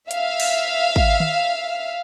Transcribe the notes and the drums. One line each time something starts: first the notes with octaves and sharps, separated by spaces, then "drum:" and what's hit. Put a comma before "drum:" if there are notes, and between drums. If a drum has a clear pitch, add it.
E5 F5, drum: hi-hat
drum: cymbal
drum: kick
drum: tom D#3